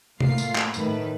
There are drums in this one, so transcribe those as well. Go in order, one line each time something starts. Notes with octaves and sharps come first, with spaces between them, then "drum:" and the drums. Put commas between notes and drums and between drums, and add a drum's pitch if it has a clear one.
A2 A#3 F4 F5 C7, drum: tom C3
drum: tambourine
drum: clap
A2 D#3 B4, drum: tambourine